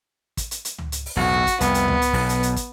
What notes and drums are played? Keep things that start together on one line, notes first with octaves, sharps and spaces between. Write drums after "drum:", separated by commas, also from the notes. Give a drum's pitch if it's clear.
drum: kick, hi-hat
drum: hi-hat
drum: hi-hat
drum: tom C#2
drum: hi-hat
drum: open hi-hat
B1 E2 A2 F#4
drum: kick, hi-hat
C2 F2 B3, drum: hi-hat
drum: hi-hat
drum: tom C#2
drum: hi-hat
B1 B2, drum: open hi-hat
drum: hi-hat
drum: hi-hat
drum: kick, hi-hat